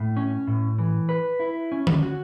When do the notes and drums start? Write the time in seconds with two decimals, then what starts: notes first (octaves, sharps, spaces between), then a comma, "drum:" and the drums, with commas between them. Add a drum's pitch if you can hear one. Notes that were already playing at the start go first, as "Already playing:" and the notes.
Already playing: A2
0.17 C#4
0.47 A2
0.78 E3
1.09 B4
1.40 E4
1.72 C#4
1.87 drum: tom D3
2.03 F#4